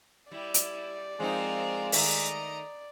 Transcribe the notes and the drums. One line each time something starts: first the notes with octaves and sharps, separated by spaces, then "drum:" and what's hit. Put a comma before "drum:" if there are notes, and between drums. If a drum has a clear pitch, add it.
G3 E4 D5
drum: hi-hat
F3 G#3 C4 D#4 A#4
D#3 A3 D#5 A#5, drum: open hi-hat